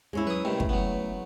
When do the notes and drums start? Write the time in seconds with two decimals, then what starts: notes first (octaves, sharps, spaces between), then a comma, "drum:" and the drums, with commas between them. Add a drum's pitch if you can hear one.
0.13 D#2 G#3 C#4 E4
0.27 F#3 B4 D#6
0.45 G2 C3 D#3 A3
0.60 drum: kick
0.69 F#3 B3